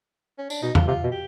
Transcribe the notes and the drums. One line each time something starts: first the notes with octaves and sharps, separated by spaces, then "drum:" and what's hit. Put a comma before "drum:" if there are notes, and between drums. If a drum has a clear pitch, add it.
C#4
D4, drum: tambourine
B2 D#4
F4, drum: tom E2
C3 F4
B2
G4